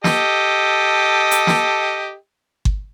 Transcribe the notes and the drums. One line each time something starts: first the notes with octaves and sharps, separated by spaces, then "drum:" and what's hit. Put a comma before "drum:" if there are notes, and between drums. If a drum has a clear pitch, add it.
G4 A4 D#5, drum: snare
drum: hi-hat
drum: snare
drum: kick G1